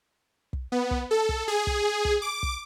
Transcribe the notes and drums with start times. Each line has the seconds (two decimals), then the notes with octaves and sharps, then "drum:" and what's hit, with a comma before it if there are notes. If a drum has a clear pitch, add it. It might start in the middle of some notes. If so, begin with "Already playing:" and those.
0.53 drum: kick
0.72 B3
0.91 drum: kick
1.11 A4
1.29 drum: kick
1.48 G#4
1.67 drum: kick
2.05 drum: kick
2.22 D6
2.43 drum: kick